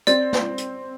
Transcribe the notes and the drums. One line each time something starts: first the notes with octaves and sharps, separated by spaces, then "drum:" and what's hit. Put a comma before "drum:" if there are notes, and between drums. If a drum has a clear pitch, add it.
C4 D5, drum: hi-hat
drum: snare
drum: hi-hat